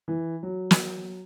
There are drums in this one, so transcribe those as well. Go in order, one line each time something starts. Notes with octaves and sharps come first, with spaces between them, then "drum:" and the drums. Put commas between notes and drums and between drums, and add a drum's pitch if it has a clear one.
E3
F#3
drum: snare